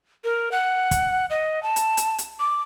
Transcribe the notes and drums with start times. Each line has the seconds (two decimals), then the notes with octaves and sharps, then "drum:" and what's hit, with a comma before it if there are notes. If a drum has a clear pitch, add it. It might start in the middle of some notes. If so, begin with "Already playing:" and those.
0.24 A#4
0.52 F#5
0.91 drum: kick, hi-hat
1.30 D#5
1.63 A5
1.76 drum: hi-hat
1.97 drum: hi-hat
2.18 drum: hi-hat
2.40 D6